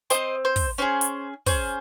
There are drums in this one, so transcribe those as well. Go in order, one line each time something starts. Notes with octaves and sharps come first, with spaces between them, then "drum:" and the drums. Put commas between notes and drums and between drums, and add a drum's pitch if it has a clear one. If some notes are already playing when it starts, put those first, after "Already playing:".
C4 G4 C5 D#5, drum: hi-hat
C5
drum: kick, open hi-hat
C#4 G#4 C5
drum: hi-hat
C#4 G#4 C5, drum: kick, open hi-hat